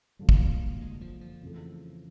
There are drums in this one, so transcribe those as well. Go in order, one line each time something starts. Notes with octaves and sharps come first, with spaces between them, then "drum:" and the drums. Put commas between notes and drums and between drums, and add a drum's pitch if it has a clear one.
F#2 D3 F3 G3 A#3
drum: kick
G#3
F3
F3
F2 C#3 E3 A3